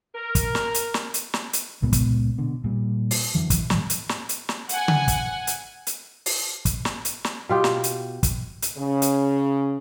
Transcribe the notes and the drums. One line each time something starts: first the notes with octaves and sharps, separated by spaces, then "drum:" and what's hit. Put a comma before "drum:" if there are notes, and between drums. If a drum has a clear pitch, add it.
A#4
drum: kick, hi-hat
drum: snare
drum: hi-hat
drum: snare
drum: hi-hat
drum: snare
drum: hi-hat
C#2 A#2 G#3 B3
drum: kick, hi-hat
B2 D3
A#2 G3
drum: open hi-hat
F2 D3 E3 F#3
drum: kick, hi-hat
A2 D#3 F3 G3, drum: snare
drum: hi-hat
drum: snare
drum: hi-hat
drum: snare
F#5 G#5, drum: hi-hat
drum: tom C#3
drum: kick, hi-hat
drum: hi-hat
drum: hi-hat
drum: open hi-hat
drum: kick, hi-hat
drum: snare
drum: hi-hat
drum: snare
B2 F4 G4
drum: snare
drum: hi-hat
drum: kick, hi-hat
drum: hi-hat
C#3
drum: hi-hat